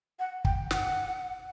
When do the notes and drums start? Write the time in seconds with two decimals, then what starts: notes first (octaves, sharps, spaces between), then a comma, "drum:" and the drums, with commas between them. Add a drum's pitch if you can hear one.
0.19 F#5
0.45 G5, drum: kick
0.71 F#5, drum: snare